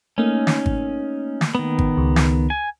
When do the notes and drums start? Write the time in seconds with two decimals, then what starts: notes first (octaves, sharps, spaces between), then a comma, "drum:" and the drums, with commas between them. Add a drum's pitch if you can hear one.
0.18 A3 A#3 C#4 D#4
0.47 drum: snare
0.66 drum: kick G#1
1.41 drum: snare
1.55 D#3 B3
1.79 drum: kick G#1
1.97 C#2
2.16 drum: snare
2.50 G#5